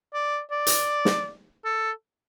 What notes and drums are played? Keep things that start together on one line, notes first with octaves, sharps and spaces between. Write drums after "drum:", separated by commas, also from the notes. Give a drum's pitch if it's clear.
D5
D5
drum: hi-hat
drum: snare
A4